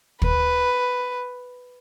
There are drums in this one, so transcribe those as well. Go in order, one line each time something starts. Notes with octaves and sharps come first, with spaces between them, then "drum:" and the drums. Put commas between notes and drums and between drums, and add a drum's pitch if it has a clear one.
B4, drum: kick